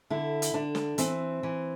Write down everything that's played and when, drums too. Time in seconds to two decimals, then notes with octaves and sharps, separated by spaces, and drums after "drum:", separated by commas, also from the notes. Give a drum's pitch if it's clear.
0.10 D3 E4
0.42 drum: hi-hat
0.54 D3 D4
0.75 drum: snare
0.98 E3 C4, drum: hi-hat
1.43 E3